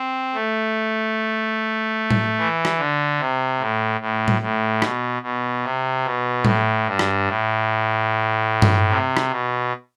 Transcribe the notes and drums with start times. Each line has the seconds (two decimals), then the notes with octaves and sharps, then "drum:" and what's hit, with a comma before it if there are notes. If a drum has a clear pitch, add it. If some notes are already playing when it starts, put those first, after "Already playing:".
Already playing: C4
0.34 A3
2.11 drum: tom A2
2.38 E3
2.65 drum: rim click
2.78 D3
3.20 C3
3.60 A2
4.01 A2
4.28 drum: tom A2
4.41 A2
4.82 B2, drum: rim click
5.22 B2
5.64 C3
6.04 B2
6.45 A2, drum: tom A2
6.86 G2
6.99 drum: rim click
7.27 A2
8.62 drum: tom G2
8.89 C3
9.17 drum: rim click
9.30 B2